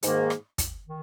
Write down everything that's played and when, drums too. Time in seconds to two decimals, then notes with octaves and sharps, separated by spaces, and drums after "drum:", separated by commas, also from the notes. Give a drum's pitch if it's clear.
0.03 G#2 D#3 A#3, drum: hi-hat
0.30 drum: rim click
0.58 drum: kick, hi-hat
0.86 D#3